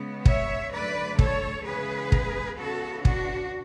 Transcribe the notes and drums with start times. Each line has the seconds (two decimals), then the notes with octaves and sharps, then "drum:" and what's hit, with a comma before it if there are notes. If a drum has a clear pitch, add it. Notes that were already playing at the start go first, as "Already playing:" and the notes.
Already playing: C#3 G#3 B3
0.25 C#5 E5, drum: kick
0.72 F#2 D3 A3 B4 D5
1.19 A4 C#5, drum: kick
1.65 C#3 E3 G#3 B3 G#4 B4
2.12 drum: kick
2.58 C#3 E3 B3 F#4 A4
3.05 D4 F#4, drum: kick